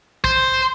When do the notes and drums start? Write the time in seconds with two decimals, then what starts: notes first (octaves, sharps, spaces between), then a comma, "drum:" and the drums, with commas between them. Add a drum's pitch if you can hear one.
0.24 C5, drum: kick